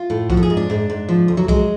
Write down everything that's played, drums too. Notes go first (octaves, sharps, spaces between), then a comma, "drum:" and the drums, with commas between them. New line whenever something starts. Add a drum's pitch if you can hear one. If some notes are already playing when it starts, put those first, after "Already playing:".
Already playing: F4
A2
F3 F#4, drum: kick
A4
G#4
G#2
D4
G#2
G#2
F3
D2
F#3
F#3 G#3, drum: kick